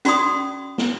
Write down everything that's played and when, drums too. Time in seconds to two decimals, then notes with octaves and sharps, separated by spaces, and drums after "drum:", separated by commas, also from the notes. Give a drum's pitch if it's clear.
0.05 C#4 F#4 D5 C6 D#6, drum: hi-hat
0.78 drum: snare